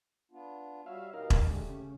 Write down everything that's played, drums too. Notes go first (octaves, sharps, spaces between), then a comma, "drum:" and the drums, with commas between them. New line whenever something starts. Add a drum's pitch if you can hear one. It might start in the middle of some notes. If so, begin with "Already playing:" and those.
B3 D4 F4
G3 F#4 C#5 E5 F5
B2 D#4 G4 A#4 F5
drum: kick E1
D3 G#3 A3 G4
C#3